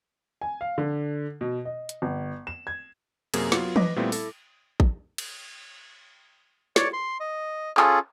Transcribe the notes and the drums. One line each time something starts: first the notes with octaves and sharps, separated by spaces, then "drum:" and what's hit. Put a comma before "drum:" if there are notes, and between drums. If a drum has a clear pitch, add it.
G#5
F5
D3
B2
D#5
drum: hi-hat
G1
E7
G#6
F#2 C3 A#3 G#4, drum: cymbal
F#3 B3 F4, drum: snare
B4 D#5 D6 A#6, drum: tom E3
A#2 G3 A3 B3 C4 E4
E4 A4, drum: open hi-hat
drum: kick A1
drum: cymbal
C#5 D5, drum: snare
C6
D#5
C#4 F4 G#4 A4, drum: clap